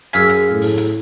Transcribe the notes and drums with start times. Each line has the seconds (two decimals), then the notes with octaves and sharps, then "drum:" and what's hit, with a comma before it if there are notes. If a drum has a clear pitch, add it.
0.13 F#2 G#4 F5 G#5 E6 B6, drum: hi-hat
0.29 drum: hi-hat
0.51 A2
0.61 drum: open hi-hat
0.78 drum: hi-hat